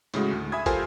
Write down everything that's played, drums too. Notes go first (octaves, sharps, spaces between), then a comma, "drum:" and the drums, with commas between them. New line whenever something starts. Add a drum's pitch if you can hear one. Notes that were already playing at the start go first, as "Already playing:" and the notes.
A2 C#3 G#3 F#4, drum: hi-hat
D2
E5 G#5 B5 D#6 G#6
F4 G4 A4 A#4 C5 G#5, drum: kick, hi-hat